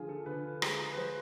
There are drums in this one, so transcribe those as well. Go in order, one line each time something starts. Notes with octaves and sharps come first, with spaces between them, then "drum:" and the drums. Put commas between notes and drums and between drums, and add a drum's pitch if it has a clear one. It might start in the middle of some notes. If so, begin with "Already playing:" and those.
Already playing: D3 F3 F4 G#4
A4
D3 B4
G#3, drum: rim click
B4
F3 C5